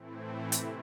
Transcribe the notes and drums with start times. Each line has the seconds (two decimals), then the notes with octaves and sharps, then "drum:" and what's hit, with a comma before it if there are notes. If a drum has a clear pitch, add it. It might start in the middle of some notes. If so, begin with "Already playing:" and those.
Already playing: A2 E3 A3 C4 E4
0.52 C3, drum: hi-hat